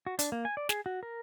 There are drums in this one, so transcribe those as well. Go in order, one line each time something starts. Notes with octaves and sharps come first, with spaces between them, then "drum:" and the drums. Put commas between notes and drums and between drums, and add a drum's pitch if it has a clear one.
F#4
D4, drum: hi-hat
A#3
G#5
D5
G#4, drum: snare
F#4
A#4